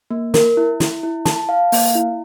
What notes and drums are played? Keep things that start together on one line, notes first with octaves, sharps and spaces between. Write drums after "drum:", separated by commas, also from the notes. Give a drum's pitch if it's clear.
A#3
A#4, drum: snare
E4
E4, drum: snare
E4
A5, drum: snare
F5
A#3, drum: open hi-hat
E4